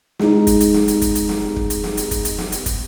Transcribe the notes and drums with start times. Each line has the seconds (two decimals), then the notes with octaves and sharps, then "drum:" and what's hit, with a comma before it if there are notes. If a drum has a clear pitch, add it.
0.19 G#3 D#4, drum: snare
0.47 drum: kick, hi-hat
0.60 drum: hi-hat
0.74 drum: snare
0.88 drum: hi-hat
1.02 drum: kick, hi-hat
1.15 drum: hi-hat
1.29 drum: snare
1.56 drum: kick
1.70 drum: hi-hat
1.84 drum: snare
1.97 drum: hi-hat
2.11 drum: kick, hi-hat
2.25 drum: hi-hat
2.38 drum: snare
2.52 drum: hi-hat
2.66 drum: kick, hi-hat